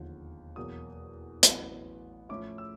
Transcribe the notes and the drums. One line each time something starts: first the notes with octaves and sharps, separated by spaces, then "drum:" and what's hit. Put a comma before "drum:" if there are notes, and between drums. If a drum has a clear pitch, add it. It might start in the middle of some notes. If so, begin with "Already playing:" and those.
Already playing: E1 D#2 D3 F3
E2 B2 F#3 A#3 D#6
A1 A2 F#3 B3, drum: hi-hat
A2 F3 A3 C#4 E4 D6
E6